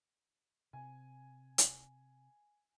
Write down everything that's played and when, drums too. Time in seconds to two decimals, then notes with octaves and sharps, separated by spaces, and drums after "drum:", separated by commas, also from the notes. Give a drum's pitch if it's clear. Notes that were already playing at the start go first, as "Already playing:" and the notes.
0.73 C3 G#5
1.58 drum: hi-hat